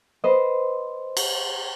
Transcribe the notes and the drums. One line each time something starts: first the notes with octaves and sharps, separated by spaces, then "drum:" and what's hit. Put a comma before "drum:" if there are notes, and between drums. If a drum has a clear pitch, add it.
B4 C5 D#5
drum: cymbal